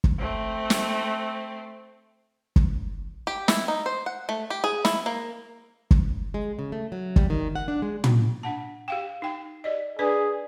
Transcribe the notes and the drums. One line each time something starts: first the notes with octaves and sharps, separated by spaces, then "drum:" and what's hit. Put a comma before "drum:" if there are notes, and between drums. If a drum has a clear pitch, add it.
drum: kick
A3 C4
drum: snare
drum: kick
G4
E4, drum: snare
D#4
C5
F#5
A3
G4
G#4
E4, drum: snare
A#3
drum: kick
G#3
C#3
A3
F#3
G3, drum: kick
D#3
F#5
D4
G#3
drum: tom
D4 F#5 A5
G4 F5 G5
D#4 G5
G4 D5 D#5
D4 G#4 B4 D5